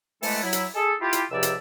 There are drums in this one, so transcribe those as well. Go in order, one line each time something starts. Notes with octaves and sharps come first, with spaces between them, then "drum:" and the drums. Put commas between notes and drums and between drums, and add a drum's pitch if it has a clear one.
E3 G#3 A3 B3 A4, drum: open hi-hat
F#3 E4
drum: hi-hat
G#4 A4
E4 F4 G4
drum: hi-hat
C#2 C3 F3 D5 E5 E6
drum: hi-hat